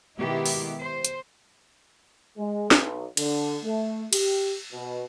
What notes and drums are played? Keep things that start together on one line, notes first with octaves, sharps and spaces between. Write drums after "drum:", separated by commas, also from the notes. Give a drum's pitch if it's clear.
B2 D#3 G#3 B3 E4 G4
drum: open hi-hat
C5
drum: hi-hat
G#3
B1, drum: snare
D3, drum: cymbal
A3
G4, drum: cymbal
B2